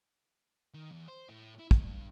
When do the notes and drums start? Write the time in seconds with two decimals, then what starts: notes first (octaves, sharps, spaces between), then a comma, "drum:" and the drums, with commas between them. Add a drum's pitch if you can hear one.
0.74 D#3
0.91 E2
1.08 C5
1.29 A2
1.59 E4
1.71 G#2, drum: kick
1.85 G2